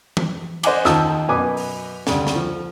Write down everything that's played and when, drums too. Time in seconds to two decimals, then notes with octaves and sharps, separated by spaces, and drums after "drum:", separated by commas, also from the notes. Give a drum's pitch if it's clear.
0.17 drum: tom
0.63 C5 D#5 F#5 G#5 D6, drum: cymbal
0.85 D#2 F4 A5 D#6 E6, drum: snare
1.28 F#2 B2 B4 G#5 D6 D#6
1.57 drum: open hi-hat
2.07 D2 C#3 G3, drum: snare
2.27 drum: snare
2.36 F3